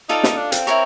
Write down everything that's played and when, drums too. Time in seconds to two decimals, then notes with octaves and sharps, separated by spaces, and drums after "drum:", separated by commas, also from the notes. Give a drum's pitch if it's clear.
0.09 D#4 F4 A4 D5 F5
0.24 drum: snare
0.38 D4
0.52 C4, drum: hi-hat
0.67 E4 G4 A#4 C#5